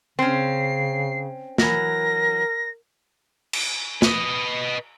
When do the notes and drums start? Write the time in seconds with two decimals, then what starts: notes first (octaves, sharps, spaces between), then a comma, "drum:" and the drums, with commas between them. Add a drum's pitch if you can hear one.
0.19 C#3 C4 C#4 C7
1.58 E3 F#3 A#4 A#6, drum: snare
3.53 drum: cymbal
4.02 B4 D#5, drum: snare